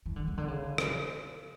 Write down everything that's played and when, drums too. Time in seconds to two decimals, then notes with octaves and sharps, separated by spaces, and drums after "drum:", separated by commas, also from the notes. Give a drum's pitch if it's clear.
0.06 E3
0.16 D3
0.27 C#3
0.37 D3
0.48 C#3
0.78 drum: rim click